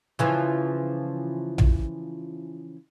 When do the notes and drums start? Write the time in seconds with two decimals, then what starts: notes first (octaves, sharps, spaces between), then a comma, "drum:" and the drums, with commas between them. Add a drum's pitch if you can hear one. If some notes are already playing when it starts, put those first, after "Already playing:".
0.19 C#3 E3 F3
1.58 drum: tom B1